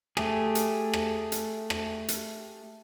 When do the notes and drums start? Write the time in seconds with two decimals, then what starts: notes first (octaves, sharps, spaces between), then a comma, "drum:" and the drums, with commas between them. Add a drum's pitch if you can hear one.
0.17 A3 G4 G#4, drum: rim click
0.55 drum: hi-hat
0.93 drum: rim click
1.32 drum: hi-hat
1.70 drum: rim click
2.08 drum: hi-hat